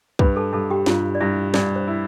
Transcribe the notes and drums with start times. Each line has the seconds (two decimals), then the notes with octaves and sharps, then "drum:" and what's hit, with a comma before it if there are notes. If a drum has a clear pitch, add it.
0.19 G2 B4 B5, drum: kick
0.36 A4 A5
0.53 G2 A4 A5
0.70 G4 G5
0.86 G2 F4 F5, drum: snare
1.15 D5
1.20 G2 E4 E5
1.54 G2 D4 D5, drum: snare
1.76 C5
1.87 E4